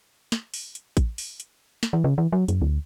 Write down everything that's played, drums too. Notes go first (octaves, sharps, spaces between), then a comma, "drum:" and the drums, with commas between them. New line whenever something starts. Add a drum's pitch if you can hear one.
drum: snare
drum: open hi-hat
drum: hi-hat
drum: kick A1, hi-hat
drum: open hi-hat
drum: hi-hat
drum: snare
E3
C#3
E3
F#3
F#2, drum: hi-hat
D2